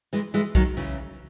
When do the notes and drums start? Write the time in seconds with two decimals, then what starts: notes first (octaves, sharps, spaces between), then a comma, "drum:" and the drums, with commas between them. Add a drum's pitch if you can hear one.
0.13 E3 G#3
0.34 E3 G#3
0.55 D#3 F#3, drum: kick
0.77 C#3 E3